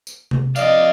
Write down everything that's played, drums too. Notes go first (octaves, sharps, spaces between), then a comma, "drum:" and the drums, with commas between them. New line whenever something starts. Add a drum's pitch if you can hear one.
drum: tambourine
drum: tom C3
F2 D5 D#5 F5, drum: tambourine